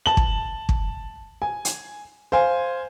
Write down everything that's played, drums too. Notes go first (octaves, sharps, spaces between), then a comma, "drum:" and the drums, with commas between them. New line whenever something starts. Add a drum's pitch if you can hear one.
A5 F#7
drum: kick
drum: kick
G#5
drum: hi-hat
C5 F5 G#5